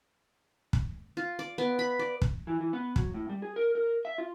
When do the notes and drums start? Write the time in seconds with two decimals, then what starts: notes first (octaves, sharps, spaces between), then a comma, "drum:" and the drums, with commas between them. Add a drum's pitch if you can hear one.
0.73 drum: kick
1.17 F4
1.39 D5
1.58 B3
1.79 B5
1.99 D5
2.22 drum: kick
2.47 E3
2.61 E3
2.73 B3
2.96 F#3, drum: kick
3.14 A2
3.29 G3
3.42 G#4
3.56 A#4
3.75 A#4
4.05 E5
4.18 F4